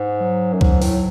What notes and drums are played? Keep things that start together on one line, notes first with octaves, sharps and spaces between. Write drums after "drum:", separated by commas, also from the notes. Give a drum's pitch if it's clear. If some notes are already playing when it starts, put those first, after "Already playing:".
Already playing: G#2
F#3
F#2
G#2, drum: kick C#2
A2, drum: open hi-hat